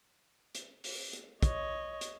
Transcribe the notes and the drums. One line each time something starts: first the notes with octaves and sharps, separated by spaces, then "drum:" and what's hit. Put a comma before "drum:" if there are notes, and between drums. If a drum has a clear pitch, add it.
drum: hi-hat
drum: open hi-hat
drum: hi-hat
C#5 D#5, drum: kick, hi-hat
drum: hi-hat